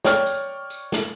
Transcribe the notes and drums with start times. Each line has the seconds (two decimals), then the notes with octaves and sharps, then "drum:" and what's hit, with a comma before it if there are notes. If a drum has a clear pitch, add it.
0.04 C#5 D5 G5 C#6 F6, drum: snare
0.26 drum: tambourine
0.70 drum: tambourine
0.92 drum: snare